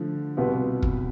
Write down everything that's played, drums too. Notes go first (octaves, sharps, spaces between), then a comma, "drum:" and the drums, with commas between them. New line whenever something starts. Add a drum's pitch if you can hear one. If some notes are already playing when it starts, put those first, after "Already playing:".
Already playing: D3 F3 A3
C2 B2 B3 F4 B4
drum: kick